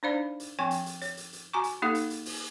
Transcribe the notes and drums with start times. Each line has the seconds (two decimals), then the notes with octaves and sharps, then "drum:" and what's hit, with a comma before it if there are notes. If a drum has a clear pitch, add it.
0.03 D4 D#4 C5 D5 F5 B5
0.40 drum: hi-hat
0.59 F3 C4 G5 G#5 C#6
0.71 drum: hi-hat
0.86 drum: hi-hat
1.02 C#5, drum: hi-hat
1.17 drum: hi-hat
1.33 drum: hi-hat
1.53 F#4 G#5 A#5 C#6
1.64 drum: hi-hat
1.82 A#3 D#4 G4 A4 F5
1.95 drum: hi-hat
2.10 drum: hi-hat
2.26 drum: open hi-hat